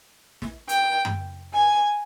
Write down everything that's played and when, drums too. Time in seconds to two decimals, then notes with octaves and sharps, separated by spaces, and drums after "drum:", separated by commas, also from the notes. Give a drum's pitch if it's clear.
0.42 drum: snare
0.69 G5, drum: hi-hat
1.05 drum: tom F#2
1.54 G#5